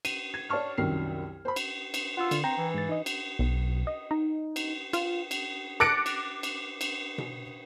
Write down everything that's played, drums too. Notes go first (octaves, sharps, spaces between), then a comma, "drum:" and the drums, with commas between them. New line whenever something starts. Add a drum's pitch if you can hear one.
D#7, drum: cymbal
G#6
C#5 D5 A5 C#6 F6
C2 F#2 D#3 F6 C7
C5 B5
drum: cymbal
drum: cymbal
F4 F#5 E6
D3, drum: cymbal
C4 G5 A#5
E3
G#2 A6
D#4 D#5
drum: cymbal
B1
D#5
D#4
drum: cymbal
F4, drum: cymbal
drum: cymbal
D6 F#6 A6 A#6 C#7 D7
drum: cymbal
drum: cymbal
drum: cymbal
drum: tom B2